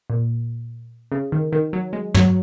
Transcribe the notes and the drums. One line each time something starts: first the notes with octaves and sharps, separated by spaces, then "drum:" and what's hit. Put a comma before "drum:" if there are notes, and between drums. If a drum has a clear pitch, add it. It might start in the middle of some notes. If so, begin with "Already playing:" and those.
A#2
C#3
D#3
D#3
F#3
G#3
F#3, drum: tom